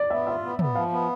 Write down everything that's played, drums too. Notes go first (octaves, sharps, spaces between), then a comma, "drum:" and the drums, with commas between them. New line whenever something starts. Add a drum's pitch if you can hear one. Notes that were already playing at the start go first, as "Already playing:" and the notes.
Already playing: D5
B3 E5
F4 E5
B3
B3, drum: tom
F3 F5
B3